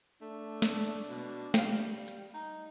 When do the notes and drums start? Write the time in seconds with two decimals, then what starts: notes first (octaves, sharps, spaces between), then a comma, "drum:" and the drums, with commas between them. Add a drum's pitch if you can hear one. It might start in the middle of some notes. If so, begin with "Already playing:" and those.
0.21 A3 D4
0.62 drum: snare
1.09 B2
1.54 G3 F5 G5, drum: snare
2.08 drum: hi-hat
2.34 D#4